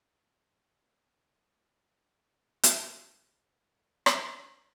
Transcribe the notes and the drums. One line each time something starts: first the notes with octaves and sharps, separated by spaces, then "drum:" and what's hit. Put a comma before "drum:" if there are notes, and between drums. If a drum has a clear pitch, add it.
C#4
B2
F#3
F#3
G#2
A2
F#2
G#1
drum: hi-hat
G1
A1
drum: rim click